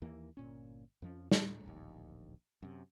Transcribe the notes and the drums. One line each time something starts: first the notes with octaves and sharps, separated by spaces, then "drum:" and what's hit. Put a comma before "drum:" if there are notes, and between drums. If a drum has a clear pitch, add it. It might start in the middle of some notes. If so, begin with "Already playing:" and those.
D#2 E3 A#3
G1 A#2 C#4
F2 F3 C#4
D2 A2 A3 D4, drum: snare
D1 A#1 D#2
F#2 C3